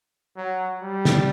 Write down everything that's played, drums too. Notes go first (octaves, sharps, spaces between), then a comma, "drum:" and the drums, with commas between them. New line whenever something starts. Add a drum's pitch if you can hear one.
F#3
G3
drum: snare